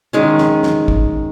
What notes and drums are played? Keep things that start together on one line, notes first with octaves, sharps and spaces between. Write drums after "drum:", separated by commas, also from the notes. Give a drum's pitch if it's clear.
D#3 G#3 C#4
drum: snare
drum: snare
drum: kick